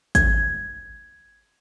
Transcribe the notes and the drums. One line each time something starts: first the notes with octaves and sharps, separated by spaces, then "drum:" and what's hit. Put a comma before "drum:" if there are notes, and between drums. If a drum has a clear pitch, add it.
G#6, drum: kick G#1, hi-hat